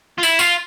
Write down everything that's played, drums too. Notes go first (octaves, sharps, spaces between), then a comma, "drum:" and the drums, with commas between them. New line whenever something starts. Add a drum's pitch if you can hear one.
F4
E4, drum: tambourine
F4, drum: tambourine